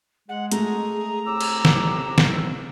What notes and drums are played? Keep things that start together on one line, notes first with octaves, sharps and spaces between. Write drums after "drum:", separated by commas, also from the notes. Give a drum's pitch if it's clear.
G#3 F#5
A3 G#4 A#5, drum: hi-hat
A2 C3 D6 E6
drum: cymbal
drum: snare
drum: snare